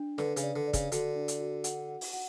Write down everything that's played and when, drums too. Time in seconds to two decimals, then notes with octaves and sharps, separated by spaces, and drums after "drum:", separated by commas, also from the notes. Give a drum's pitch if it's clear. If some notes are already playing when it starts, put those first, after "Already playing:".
Already playing: D4
0.18 D3 B4, drum: snare
0.37 C#3, drum: hi-hat
0.43 D5
0.56 D3
0.67 D5
0.73 C#3, drum: kick, hi-hat
0.92 D3 F#4, drum: hi-hat
1.15 D4
1.28 drum: hi-hat
1.41 F#4
1.64 F#5, drum: hi-hat
1.88 F#5
2.01 drum: open hi-hat
2.13 F#5